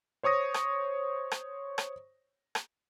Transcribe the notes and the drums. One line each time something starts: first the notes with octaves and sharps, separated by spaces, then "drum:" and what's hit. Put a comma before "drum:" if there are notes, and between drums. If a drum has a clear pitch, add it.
C5 C#5 C#6 D#6 A#6
drum: rim click
drum: rim click
drum: rim click
drum: rim click